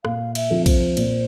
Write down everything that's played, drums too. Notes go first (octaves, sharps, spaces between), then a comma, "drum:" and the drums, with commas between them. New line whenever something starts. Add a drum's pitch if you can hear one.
A#2 F5, drum: rim click
E5, drum: cymbal
F3 C4 F4 A4
C5, drum: kick A#1, cymbal
A#2, drum: cymbal